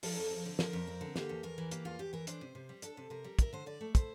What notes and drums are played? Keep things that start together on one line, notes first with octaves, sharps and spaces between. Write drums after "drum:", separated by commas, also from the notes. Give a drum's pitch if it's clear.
F3 A4, drum: open hi-hat
F2
C4
D3
F3 A#4, drum: snare
F2
C4
D3
A#3 G4, drum: snare
E2
E2 A#4
E3
A#3 G4, drum: hi-hat
E2 F4
E2 G4
E3 A#4
D4 C5, drum: hi-hat
C3
C3
G3
D4 A4, drum: hi-hat
C3
C3 A#4
G3
E4 A#4, drum: kick, hi-hat
D3 C5
D3 D5
A3
E4 C5, drum: kick, hi-hat